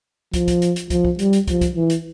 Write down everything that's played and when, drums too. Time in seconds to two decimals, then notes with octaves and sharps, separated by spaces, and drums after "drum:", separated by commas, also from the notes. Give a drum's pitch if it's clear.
0.34 F3, drum: kick, hi-hat
0.48 drum: kick, hi-hat
0.62 drum: hi-hat
0.76 drum: hi-hat
0.90 F3, drum: kick, hi-hat
1.05 drum: kick
1.19 G3, drum: hi-hat
1.33 drum: hi-hat
1.48 F3, drum: kick, hi-hat
1.61 drum: kick, hi-hat
1.75 E3
1.90 drum: hi-hat